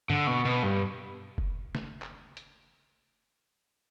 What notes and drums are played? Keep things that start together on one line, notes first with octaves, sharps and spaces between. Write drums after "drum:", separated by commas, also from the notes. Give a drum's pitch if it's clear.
D3, drum: tom
B2
B2
G2
drum: kick F1
drum: snare
drum: clap
drum: hi-hat